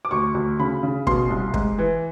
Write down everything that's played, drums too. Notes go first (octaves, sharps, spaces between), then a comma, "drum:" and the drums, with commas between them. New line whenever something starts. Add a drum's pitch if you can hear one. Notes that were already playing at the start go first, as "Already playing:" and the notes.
D6
D2 C#6
D2
C#3 B5
C#3
B2 C6, drum: kick
C2
G#2, drum: kick
E3